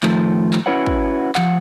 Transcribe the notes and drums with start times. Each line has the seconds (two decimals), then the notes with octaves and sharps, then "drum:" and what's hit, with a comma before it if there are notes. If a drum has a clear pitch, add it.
0.03 A2 D#3 F3 A3, drum: clap
0.53 drum: clap
0.66 C#4 E4 F#4 B4 C#5 F#5
0.86 drum: kick
1.35 F3 F#5, drum: clap